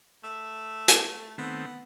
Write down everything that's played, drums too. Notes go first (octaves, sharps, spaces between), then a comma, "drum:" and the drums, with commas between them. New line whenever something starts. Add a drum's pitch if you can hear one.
A3 E5
drum: hi-hat
D#3 A3 B3 C4